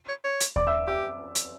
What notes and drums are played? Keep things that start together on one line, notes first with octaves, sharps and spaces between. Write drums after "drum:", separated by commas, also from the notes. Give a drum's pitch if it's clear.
C#5
C#5
drum: hi-hat
D5 D6, drum: kick D#2
E5 E6
G4 E5 E6
drum: hi-hat